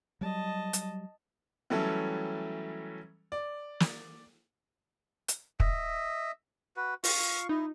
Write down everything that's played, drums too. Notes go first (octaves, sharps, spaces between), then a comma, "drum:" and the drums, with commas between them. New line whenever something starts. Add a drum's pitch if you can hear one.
F#3 G3 D#5 A5
drum: hi-hat
E3 F#3 G3 A3 C#4 A4
D5
drum: snare
drum: hi-hat
D#5 E5, drum: kick
F#4 B4
F4 F5 C#6, drum: open hi-hat
D#4 E4